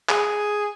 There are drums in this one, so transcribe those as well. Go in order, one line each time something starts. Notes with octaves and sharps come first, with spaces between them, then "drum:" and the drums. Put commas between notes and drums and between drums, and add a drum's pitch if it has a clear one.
G#4, drum: clap